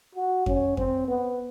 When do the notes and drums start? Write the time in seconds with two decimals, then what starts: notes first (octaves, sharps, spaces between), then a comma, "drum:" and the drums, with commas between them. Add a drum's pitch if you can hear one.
0.15 F#4
0.46 C#4, drum: kick F2
0.77 C4, drum: kick F2
1.08 B3